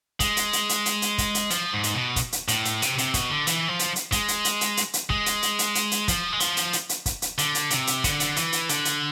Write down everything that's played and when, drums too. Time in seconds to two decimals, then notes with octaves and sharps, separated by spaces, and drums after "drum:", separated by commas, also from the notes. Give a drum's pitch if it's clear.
0.20 G#3, drum: kick, hi-hat
0.37 drum: hi-hat
0.53 drum: hi-hat
0.69 drum: hi-hat
0.86 drum: hi-hat
1.02 drum: hi-hat
1.18 drum: kick, hi-hat
1.35 drum: hi-hat
1.50 F3, drum: hi-hat
1.73 G#2
1.83 drum: hi-hat
1.94 B2
2.16 drum: kick, hi-hat
2.32 drum: hi-hat
2.48 A2, drum: hi-hat
2.65 drum: hi-hat
2.82 C3, drum: hi-hat
2.98 C3, drum: hi-hat
3.14 B2, drum: kick, hi-hat
3.30 D3
3.47 E3, drum: hi-hat
3.68 F3
3.79 drum: hi-hat
3.96 drum: hi-hat
4.12 G#3, drum: kick, hi-hat
4.28 drum: hi-hat
4.45 drum: hi-hat
4.61 drum: hi-hat
4.77 drum: hi-hat
4.94 drum: hi-hat
5.10 G#3, drum: kick
5.26 drum: hi-hat
5.42 drum: hi-hat
5.59 drum: hi-hat
5.75 drum: hi-hat
5.91 drum: hi-hat
6.08 F3, drum: kick, hi-hat
6.32 G#3
6.40 F3, drum: hi-hat
6.57 drum: hi-hat
6.73 drum: hi-hat
6.89 drum: hi-hat
7.06 drum: kick, hi-hat
7.22 drum: hi-hat
7.38 D3, drum: hi-hat
7.55 drum: hi-hat
7.70 C3, drum: hi-hat
7.87 drum: hi-hat
8.04 D3, drum: kick, hi-hat
8.20 drum: hi-hat
8.36 E3, drum: hi-hat
8.52 drum: hi-hat
8.69 D3, drum: hi-hat
8.85 drum: hi-hat